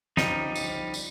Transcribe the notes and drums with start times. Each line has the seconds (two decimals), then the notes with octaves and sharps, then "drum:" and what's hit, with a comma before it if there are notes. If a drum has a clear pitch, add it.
0.17 F3 G3 D#4, drum: snare
0.55 drum: tambourine
0.94 drum: tambourine